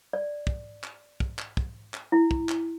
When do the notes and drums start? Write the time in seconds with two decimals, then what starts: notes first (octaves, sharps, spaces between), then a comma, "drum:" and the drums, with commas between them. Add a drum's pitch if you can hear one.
0.13 D5
0.47 drum: kick
0.84 drum: clap
1.20 drum: kick
1.39 drum: clap
1.57 drum: kick
1.94 drum: clap
2.12 E4
2.31 drum: kick
2.49 drum: clap